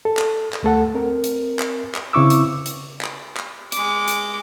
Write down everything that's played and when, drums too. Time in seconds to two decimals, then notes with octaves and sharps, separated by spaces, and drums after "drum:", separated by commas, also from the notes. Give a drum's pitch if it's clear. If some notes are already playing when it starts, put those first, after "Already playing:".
0.05 A4
0.17 drum: clap
0.53 drum: clap
0.63 D2 A3 A4 F#5
0.95 C4 A#4
1.24 drum: hi-hat
1.59 drum: clap
1.95 drum: clap
2.13 C#3 C4 E4 C#6 D6 E6
2.30 drum: hi-hat
2.66 drum: hi-hat
3.01 drum: clap
3.37 drum: clap
3.72 G#3 D6, drum: hi-hat
4.08 drum: hi-hat